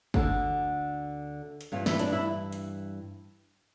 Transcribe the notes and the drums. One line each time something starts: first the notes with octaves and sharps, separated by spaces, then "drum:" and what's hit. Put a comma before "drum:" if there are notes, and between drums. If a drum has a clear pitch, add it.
D2 D3, drum: kick
drum: hi-hat
G2 E3 F4
E4, drum: snare
D4, drum: hi-hat
E4
drum: hi-hat